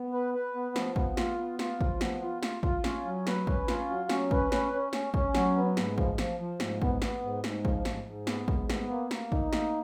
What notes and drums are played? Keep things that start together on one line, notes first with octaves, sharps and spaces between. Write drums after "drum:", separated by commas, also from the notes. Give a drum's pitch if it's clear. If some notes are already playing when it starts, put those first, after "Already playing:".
Already playing: B3
B4
B4
B3
F3, drum: snare
B3, drum: kick
F4, drum: snare
B3
F4, drum: snare
F3, drum: kick
B3, drum: snare
F4
F4, drum: snare
F4, drum: kick
C#4, drum: snare
F#3
B4, drum: snare
C#4, drum: kick
F4, drum: snare
F#3
C#4, drum: snare
B4, drum: kick
C#4, drum: snare
C#4
C#4, drum: snare
C#4, drum: kick
F#3, drum: snare
B3
G#2, drum: snare
F3, drum: kick
F3, drum: snare
F3
G#2, drum: snare
B3, drum: kick
B3, drum: snare
G#2
G#2, drum: snare
F3, drum: kick
G#2, drum: snare
G#2
B3, drum: snare
G#2, drum: kick
B3, drum: snare
A#3
A#3, drum: snare
D#4, drum: kick
A#3, drum: snare